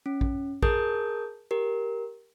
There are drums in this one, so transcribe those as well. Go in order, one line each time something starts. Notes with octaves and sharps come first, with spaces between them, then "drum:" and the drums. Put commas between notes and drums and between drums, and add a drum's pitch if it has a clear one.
C#4
drum: kick A1
G#4 A#4 A5 D#6 G6, drum: kick A1
G4 A#4